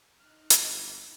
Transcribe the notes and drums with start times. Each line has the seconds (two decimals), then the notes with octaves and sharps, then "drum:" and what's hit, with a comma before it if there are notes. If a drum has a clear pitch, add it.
0.19 D#4 F6 F#6
0.50 drum: hi-hat
0.60 G1 F3 G#3 B3